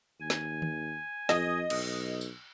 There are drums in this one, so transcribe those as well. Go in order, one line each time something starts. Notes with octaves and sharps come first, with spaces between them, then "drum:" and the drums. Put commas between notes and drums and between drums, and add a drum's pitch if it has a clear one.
D#2 G#5
drum: snare
drum: tom D#3
F2 D#5, drum: snare
B1, drum: cymbal
drum: tambourine